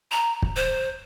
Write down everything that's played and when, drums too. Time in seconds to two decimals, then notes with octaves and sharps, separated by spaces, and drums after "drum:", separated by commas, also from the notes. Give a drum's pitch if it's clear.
0.11 A#5
0.42 drum: kick
0.56 C5